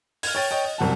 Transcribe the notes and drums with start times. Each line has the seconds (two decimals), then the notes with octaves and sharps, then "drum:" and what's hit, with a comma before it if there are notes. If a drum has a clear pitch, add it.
0.23 F6 G#6, drum: open hi-hat
0.35 C#5 G5 A6
0.51 C#5 D#5 G5
0.64 D#5
0.78 C2 F#2 F#5 A5